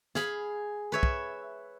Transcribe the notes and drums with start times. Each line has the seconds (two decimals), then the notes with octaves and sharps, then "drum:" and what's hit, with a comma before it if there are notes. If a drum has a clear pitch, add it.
0.15 G#4 F5 B5, drum: snare
0.92 B4 C#5 E5
1.03 drum: kick